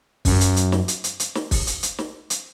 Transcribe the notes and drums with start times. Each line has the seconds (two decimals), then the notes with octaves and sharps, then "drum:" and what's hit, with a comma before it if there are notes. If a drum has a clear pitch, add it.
0.25 F#2, drum: kick, open hi-hat
0.41 drum: hi-hat
0.56 drum: hi-hat
0.72 drum: snare
0.88 drum: hi-hat
1.04 drum: hi-hat
1.20 drum: hi-hat
1.35 drum: snare
1.51 drum: kick, open hi-hat
1.67 drum: hi-hat
1.83 drum: hi-hat
1.98 drum: snare
2.30 drum: hi-hat